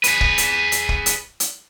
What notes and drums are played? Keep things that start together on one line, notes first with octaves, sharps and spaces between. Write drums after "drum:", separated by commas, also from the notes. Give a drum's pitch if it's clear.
G#4 B4, drum: hi-hat
drum: kick
drum: hi-hat
drum: hi-hat
drum: kick
drum: hi-hat
drum: hi-hat